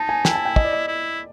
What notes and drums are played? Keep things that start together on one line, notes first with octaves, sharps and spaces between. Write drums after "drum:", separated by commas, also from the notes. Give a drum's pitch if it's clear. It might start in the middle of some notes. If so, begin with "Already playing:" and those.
Already playing: D#4 A5
G#5
E4 G5, drum: snare
A5
G#5
G5
D#5, drum: kick
D5
D#5
E4